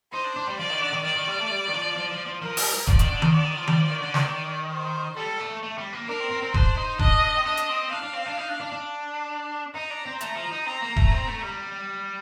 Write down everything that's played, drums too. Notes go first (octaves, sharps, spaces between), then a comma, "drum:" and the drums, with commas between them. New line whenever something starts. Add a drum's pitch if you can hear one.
D#4 C5
D4
D4
G3
F3 D5
D#3
D3
D#3
D#3 D5
D#3
G3
A3
G3
D#3
F3
F3
F3
F3
F3 A#4
G3, drum: open hi-hat
F3 D5, drum: kick D#1
D#3, drum: hi-hat
D3
D#3, drum: tom D#3
D3 D5
D#3
F3
G3, drum: tom D#3
F3
D#3
D3
D#3, drum: snare
C5
G3 A4
A3
A3
G3
A#3
D4 A#4
C4
C4
C4
D4 C5, drum: kick D#1
D#4
D4 D#5, drum: kick D#1
C4
D4 D#5
drum: hi-hat
C4
D4 F5
D4
C4
D4
D#4
D4
D4
D4
D#4 A#5
D4
C4
A3 A#5, drum: hi-hat
F3
D#4
C4 A#5
A#3
A3, drum: kick D#1
C4
A3
G3